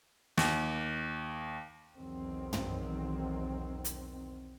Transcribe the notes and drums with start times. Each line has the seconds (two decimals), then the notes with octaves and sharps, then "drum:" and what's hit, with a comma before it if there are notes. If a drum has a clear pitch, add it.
0.37 D#2, drum: snare
1.97 B1 E2 D#3 F#3 C4
2.53 drum: tom
3.85 drum: hi-hat